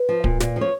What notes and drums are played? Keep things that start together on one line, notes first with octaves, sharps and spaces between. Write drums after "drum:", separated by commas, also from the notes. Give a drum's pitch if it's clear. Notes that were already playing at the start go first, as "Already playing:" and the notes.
Already playing: B4
F3
A#2, drum: kick D1
A#2, drum: snare
F3
C#5